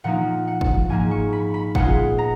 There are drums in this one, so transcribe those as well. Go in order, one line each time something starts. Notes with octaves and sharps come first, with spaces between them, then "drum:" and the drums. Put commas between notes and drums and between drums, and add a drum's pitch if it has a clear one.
A#2 F3 A#3 D#4 F#5
F#5
drum: kick
G#2 F3 A#3 G#5
C#6
B5
B5
A#2 G#3 B3 F4 F#5, drum: kick
A#5